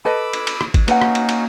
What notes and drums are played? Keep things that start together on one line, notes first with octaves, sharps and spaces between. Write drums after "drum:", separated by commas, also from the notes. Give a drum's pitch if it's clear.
A4 B4 D#5 B5 D6 E6
drum: cymbal
drum: cymbal
drum: rim click
drum: kick, cymbal
A#3 C#4 D#4 F#4 B4 F#5, drum: cymbal
drum: rim click
drum: cymbal
drum: cymbal